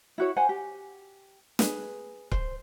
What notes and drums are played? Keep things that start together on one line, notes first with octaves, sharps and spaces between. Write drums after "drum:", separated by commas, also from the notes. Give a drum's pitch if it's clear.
E4 F#4 C#5
C5 F#5 G#5
G4
G#4 B4, drum: snare
C5, drum: kick C#1